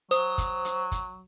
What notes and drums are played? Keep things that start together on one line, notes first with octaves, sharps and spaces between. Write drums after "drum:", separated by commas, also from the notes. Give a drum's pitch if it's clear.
F#3 C5 D#6, drum: hi-hat
drum: kick, hi-hat
drum: hi-hat
drum: kick, hi-hat